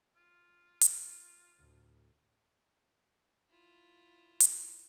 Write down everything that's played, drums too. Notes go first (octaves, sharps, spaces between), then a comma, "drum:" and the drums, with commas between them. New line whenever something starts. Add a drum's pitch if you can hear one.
F4
drum: hi-hat
D2 A2
E4 F4
drum: hi-hat